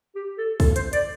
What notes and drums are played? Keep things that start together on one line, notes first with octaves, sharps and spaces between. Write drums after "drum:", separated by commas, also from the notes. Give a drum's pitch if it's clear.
G4
A4
A4, drum: kick, open hi-hat
C5, drum: hi-hat
D5, drum: hi-hat